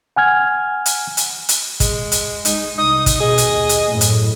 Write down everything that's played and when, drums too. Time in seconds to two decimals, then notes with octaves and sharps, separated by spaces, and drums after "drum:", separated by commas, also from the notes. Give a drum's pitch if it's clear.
0.16 F#5 G#5 F6 G#6
0.86 drum: hi-hat
1.17 drum: hi-hat
1.49 drum: hi-hat
1.80 G#3, drum: kick, hi-hat
2.12 drum: hi-hat
2.45 G#3 D#4, drum: hi-hat
2.78 C2 D#4 D#6
3.06 drum: kick, hi-hat
3.20 B2 G#4 D#5
3.38 drum: hi-hat
3.52 D#2
3.69 drum: hi-hat
3.89 F#2 A2
4.01 drum: hi-hat